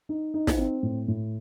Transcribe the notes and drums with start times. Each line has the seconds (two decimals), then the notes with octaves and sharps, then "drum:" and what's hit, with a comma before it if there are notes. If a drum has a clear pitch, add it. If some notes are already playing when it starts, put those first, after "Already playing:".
0.09 D#4
0.34 D#4
0.47 drum: snare
0.58 C4
0.83 A2
1.08 A2